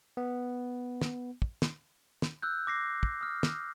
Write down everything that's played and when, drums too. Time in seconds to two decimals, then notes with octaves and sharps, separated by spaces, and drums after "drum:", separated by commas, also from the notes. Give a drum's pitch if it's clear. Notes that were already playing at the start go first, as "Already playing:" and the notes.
0.17 B3
1.02 drum: snare
1.42 drum: kick
1.62 drum: snare
2.22 drum: snare
2.42 E6 F#6 G6
2.67 D6 A#6 C7
3.03 drum: kick
3.21 D#6 F6
3.43 drum: snare